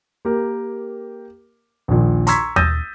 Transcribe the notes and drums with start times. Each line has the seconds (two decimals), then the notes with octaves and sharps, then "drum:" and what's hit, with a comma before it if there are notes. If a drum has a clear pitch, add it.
0.25 A#3 G4 A#4
1.88 A#1 D#2 A#2
2.27 A#5 C6 C#6 E6 G#6 B6, drum: hi-hat
2.56 D#6 E6 G6 A6 A#6 D#7, drum: tom D#2